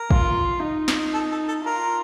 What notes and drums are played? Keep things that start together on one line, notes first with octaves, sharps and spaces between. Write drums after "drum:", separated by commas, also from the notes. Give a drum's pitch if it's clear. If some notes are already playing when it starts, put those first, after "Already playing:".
Already playing: A#4
F4, drum: kick
D#4
drum: snare
A4
A4
A4
F4 A#4